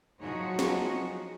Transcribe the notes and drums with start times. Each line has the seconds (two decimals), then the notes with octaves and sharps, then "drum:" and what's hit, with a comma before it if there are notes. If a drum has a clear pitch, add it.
0.21 F3 F#3 D#4 F#4 G#4 C#5
0.59 drum: snare